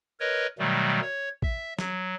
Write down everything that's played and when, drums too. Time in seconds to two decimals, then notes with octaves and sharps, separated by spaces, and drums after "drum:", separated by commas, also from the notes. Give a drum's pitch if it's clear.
0.20 A#4 B4 C#5 D#5
0.59 B2 D#3 F#3 G3 A3
1.02 C#5
1.42 E5, drum: kick A1
1.79 F#3, drum: snare